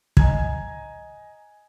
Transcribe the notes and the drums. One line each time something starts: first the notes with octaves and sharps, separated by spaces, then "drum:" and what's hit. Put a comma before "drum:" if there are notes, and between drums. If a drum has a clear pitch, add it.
D#5 G#5 A#5 G#6, drum: kick